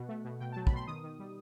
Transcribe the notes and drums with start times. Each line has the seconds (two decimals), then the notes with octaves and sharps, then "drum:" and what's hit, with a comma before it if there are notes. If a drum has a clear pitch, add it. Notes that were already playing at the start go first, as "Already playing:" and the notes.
Already playing: B2 F#5
0.09 A3
0.25 B2
0.40 B2 G5
0.52 F#3 A5
0.67 B5, drum: kick
0.72 B2 C6
0.87 D#3 D#6
1.04 D#3
1.19 G3